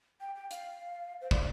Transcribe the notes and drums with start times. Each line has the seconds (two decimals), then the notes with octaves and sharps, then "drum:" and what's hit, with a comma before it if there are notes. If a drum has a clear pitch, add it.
0.21 G5
0.35 G5
0.51 F5, drum: hi-hat
1.21 C5
1.31 D5, drum: kick